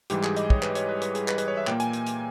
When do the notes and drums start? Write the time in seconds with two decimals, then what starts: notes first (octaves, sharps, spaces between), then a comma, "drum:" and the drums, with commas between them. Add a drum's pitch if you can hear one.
0.10 G#2 E3 G3 G4, drum: hi-hat
0.23 G#4, drum: clap
0.37 D#5, drum: hi-hat
0.50 C#5, drum: kick
0.62 B4, drum: clap
0.75 C#5, drum: hi-hat
0.89 B4
1.02 B4, drum: hi-hat
1.15 G#4, drum: hi-hat
1.28 B4, drum: clap
1.38 B4, drum: hi-hat
1.48 C#5
1.57 E5
1.67 A#2 A#3 G5, drum: clap
1.80 G#5, drum: hi-hat
1.93 drum: hi-hat
2.07 drum: hi-hat